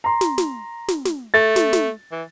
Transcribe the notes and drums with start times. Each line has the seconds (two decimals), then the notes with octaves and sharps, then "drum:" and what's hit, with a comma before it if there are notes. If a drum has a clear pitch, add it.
0.04 A#5 C6
0.21 drum: snare
0.38 drum: snare
0.88 drum: snare
1.05 drum: snare
1.34 A3 A6
1.56 drum: snare
1.73 drum: snare
2.11 E3